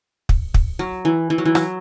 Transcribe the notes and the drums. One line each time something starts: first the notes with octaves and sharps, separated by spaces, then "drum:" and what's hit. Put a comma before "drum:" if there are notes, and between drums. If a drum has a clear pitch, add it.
drum: kick
drum: kick
F#3
E3
E3
F#3
E3
F#3, drum: rim click